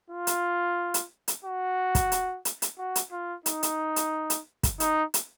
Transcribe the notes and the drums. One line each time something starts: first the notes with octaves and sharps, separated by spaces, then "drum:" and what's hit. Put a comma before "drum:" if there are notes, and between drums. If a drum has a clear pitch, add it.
F4
drum: hi-hat
drum: hi-hat
drum: hi-hat
F#4
drum: kick, hi-hat
drum: hi-hat
drum: hi-hat
drum: hi-hat
F#4
drum: hi-hat
F4
D#4, drum: hi-hat
drum: hi-hat
drum: hi-hat
drum: hi-hat
drum: kick, hi-hat
D#4, drum: hi-hat
drum: hi-hat